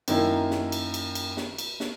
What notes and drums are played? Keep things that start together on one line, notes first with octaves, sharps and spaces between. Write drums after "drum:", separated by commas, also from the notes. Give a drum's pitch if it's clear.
F#2 D#3 A#3 E4, drum: cymbal
drum: snare
drum: cymbal
drum: cymbal
drum: cymbal
drum: snare
drum: cymbal
drum: snare